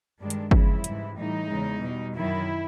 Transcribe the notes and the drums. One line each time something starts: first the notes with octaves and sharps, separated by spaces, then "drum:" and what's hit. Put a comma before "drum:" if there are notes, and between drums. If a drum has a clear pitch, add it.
G2 D#3 G#3 D4
drum: hi-hat
F2 C#3 E3 G#3 E4, drum: kick G1
G#2 E3 G3, drum: hi-hat
A2 E3 G3 D#4
E2 C#3 E3 G#3
B2 G3
F#2 D#3 F#3 E4